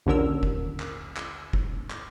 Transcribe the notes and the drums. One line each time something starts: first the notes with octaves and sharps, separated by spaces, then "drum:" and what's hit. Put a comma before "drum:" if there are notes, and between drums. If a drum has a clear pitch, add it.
A#1 D#2 D3 C#4 A#4 E6
drum: kick F1
drum: clap
drum: clap
drum: kick F1
drum: clap